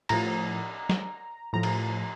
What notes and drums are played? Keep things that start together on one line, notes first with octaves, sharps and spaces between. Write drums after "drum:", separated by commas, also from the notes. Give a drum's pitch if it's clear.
A2 F3 A#5, drum: cymbal
drum: snare
A2 F3 A#5
drum: cymbal